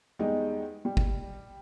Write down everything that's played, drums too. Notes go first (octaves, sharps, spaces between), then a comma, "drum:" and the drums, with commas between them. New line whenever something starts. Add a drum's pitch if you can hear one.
E2 G3 G#3 D#4 D#5 G5
G3
drum: kick